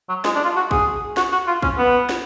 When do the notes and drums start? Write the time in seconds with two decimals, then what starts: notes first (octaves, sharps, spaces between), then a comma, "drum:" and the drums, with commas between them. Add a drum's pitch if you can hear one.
0.09 F#3
0.25 G#3, drum: snare
0.35 D4
0.44 F4
0.56 F#4
0.71 G#4, drum: kick
1.17 F#4, drum: snare
1.32 F#4
1.47 F4
1.62 C#4, drum: kick
1.78 B3
2.09 drum: snare